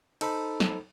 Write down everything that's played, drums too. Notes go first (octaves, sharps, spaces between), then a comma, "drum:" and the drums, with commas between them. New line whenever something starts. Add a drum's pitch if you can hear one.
D#4 A4 C5 B5, drum: cymbal
drum: snare